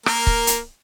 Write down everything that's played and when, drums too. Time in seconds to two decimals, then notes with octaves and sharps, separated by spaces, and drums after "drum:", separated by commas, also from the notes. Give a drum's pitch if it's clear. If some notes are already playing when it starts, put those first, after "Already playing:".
0.06 A#3 A#4, drum: rim click
0.27 drum: kick
0.47 drum: hi-hat